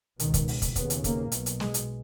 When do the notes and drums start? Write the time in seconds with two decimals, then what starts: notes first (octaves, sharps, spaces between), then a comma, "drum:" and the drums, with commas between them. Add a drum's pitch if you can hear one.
0.20 C#2 B2 D#3, drum: hi-hat
0.34 drum: kick, hi-hat
0.48 drum: open hi-hat
0.62 drum: kick, hi-hat
0.76 D#2 C#3 B3, drum: kick, hi-hat
0.90 drum: hi-hat
1.04 A#3, drum: kick, hi-hat
1.32 B1 B2, drum: hi-hat
1.46 drum: hi-hat
1.60 G#3, drum: snare
1.74 drum: hi-hat